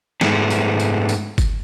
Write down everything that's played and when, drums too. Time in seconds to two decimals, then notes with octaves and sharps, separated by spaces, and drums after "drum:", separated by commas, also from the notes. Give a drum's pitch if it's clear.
0.21 G#2 G#3 A3 B3, drum: snare
0.50 drum: tambourine
0.80 drum: tambourine
1.09 drum: tambourine
1.38 drum: kick G1, tambourine